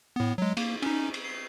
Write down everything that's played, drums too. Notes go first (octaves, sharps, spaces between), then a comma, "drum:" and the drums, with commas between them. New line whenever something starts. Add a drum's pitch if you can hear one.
A2 B3
F#3 G#3
A#3, drum: cymbal
C#4 D#4, drum: cymbal
drum: cymbal
C7